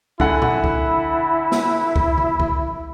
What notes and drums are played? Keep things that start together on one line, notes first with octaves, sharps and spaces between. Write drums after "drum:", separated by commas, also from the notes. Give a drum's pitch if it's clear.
D3 E4 F#5 G#5, drum: kick
drum: tom A#2
drum: kick
drum: snare
drum: kick
drum: tom D3
drum: kick